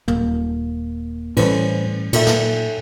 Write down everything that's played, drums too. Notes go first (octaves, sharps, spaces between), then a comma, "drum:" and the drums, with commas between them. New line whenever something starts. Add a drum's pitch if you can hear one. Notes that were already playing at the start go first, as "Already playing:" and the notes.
D#1 A#3, drum: tom
A2 E3 G3 C#4 B4 C5, drum: cymbal
A#2 D#4 A4 E5, drum: cymbal
drum: snare